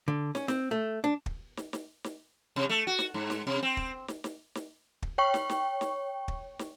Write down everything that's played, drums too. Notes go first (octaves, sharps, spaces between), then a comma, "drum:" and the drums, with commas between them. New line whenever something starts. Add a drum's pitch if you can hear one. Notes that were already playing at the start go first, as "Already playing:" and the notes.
D3
C#4, drum: snare
C4, drum: snare
A3
D4
drum: kick
drum: snare
drum: snare
drum: snare
C3
A3
F#4
drum: snare
G#2
drum: snare
C3
C4
drum: kick
drum: snare
drum: snare
drum: snare
drum: kick
C#5 G5 C#6
drum: snare
drum: snare
drum: snare
drum: kick
drum: snare